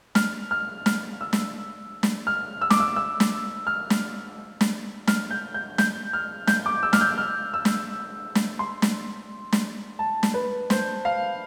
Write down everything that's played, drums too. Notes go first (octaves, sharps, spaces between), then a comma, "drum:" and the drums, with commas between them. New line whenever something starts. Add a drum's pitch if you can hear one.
F6, drum: snare
F6
F6, drum: snare
E6
drum: snare
drum: snare
F6
E6
D6, drum: snare
E6
E6
drum: snare
F6
drum: snare
drum: snare
F6, drum: snare
G6
G6
G6, drum: snare
F6
G6, drum: snare
D6
E6
F6, drum: snare
G6
F6
E6
drum: snare
drum: snare
C6
drum: snare
drum: snare
A5
drum: snare
B4
C5, drum: snare
F5